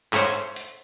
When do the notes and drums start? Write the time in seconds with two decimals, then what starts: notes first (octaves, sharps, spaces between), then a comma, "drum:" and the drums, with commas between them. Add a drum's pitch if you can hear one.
0.13 C5 C#5 E5 G#5, drum: clap
0.56 drum: hi-hat